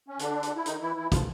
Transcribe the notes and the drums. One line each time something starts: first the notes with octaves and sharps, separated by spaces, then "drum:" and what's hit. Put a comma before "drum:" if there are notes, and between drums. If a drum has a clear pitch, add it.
C#4
D3 D4, drum: hi-hat
drum: hi-hat
E4
D#3 D#4, drum: hi-hat
E3 E4
E3 E4
F3 F4, drum: kick, hi-hat